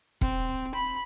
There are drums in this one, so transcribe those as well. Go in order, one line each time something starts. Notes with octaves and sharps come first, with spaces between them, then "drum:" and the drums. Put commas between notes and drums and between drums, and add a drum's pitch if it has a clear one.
C4, drum: kick E1
B5